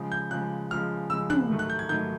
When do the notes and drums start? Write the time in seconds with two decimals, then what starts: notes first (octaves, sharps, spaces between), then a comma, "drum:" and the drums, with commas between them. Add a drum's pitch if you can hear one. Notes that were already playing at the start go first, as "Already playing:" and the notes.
Already playing: C#3 F3 G#3
0.12 G6
0.31 C#3 F3 G#3 F#6
0.71 C#3 F3 G#3 F6
1.10 C#3 F3 G#3 E6
1.30 F#6, drum: tom
1.49 G#2 D#3 F#3 A3
1.59 F#6
1.70 G6
1.79 G#6
1.89 G#2 D#3 F#3 A3 G6